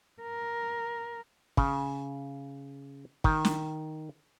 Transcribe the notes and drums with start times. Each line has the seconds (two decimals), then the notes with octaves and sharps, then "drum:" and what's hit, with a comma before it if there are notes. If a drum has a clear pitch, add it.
0.22 A#4
1.57 C#3, drum: kick
3.24 D#3, drum: kick
3.45 drum: snare